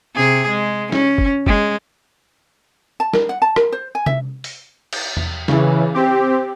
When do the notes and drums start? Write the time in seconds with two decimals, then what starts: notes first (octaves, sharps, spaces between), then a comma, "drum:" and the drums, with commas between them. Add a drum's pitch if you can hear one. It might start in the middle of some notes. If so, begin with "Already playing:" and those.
0.15 C3 G#4
0.48 G#3
0.92 C#4, drum: snare
1.18 drum: kick
1.47 G#3, drum: kick
3.00 A5
3.13 A#4, drum: snare
3.29 F#5
3.42 A5
3.56 A#4, drum: rim click
3.72 C5
3.95 G#5
4.06 E5, drum: tom C3
4.44 drum: open hi-hat
4.93 drum: cymbal
5.17 drum: tom E2
5.48 C#3 E3, drum: snare
5.94 C4 G4